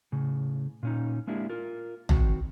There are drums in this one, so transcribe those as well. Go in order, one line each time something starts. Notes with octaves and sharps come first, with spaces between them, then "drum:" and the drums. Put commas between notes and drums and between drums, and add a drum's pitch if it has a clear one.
A2 C#3
A#2 C#4 D#4
G#3 A#3 D4 E4 G4
F4 A#4
D#3 C4 F#4, drum: tom